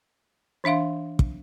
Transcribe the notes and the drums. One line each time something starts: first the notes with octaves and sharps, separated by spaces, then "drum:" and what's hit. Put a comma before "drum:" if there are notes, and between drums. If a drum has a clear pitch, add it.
E3 D4 E5 F5 C6
drum: kick